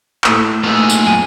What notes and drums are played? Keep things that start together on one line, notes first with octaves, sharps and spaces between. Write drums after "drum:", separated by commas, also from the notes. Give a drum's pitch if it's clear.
A2 A3 F#6, drum: clap
A#2 A3 B3 D#4 G#4 E6 F6
drum: tambourine
F#2 G#5